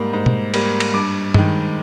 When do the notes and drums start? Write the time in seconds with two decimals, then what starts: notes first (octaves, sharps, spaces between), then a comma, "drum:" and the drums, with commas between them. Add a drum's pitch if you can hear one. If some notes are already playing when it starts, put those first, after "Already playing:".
Already playing: G#2 G3 A#3
0.13 G#2
0.26 drum: tom
0.54 G3 A#3, drum: cymbal
0.80 drum: cymbal
0.94 G2 D6
1.34 D#3 G#3, drum: tom G2